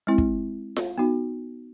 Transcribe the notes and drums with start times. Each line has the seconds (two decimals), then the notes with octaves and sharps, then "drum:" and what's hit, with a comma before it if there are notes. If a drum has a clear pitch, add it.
0.07 G#3 C4 E4
0.18 drum: kick
0.76 drum: snare F4
0.98 B3 D#4 F#4